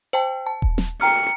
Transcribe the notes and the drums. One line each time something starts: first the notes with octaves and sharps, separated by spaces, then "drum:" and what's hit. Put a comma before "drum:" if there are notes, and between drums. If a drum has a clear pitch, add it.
C5 G5 A5
A5
drum: kick D#1
drum: snare
G5 A#5 F6 C#7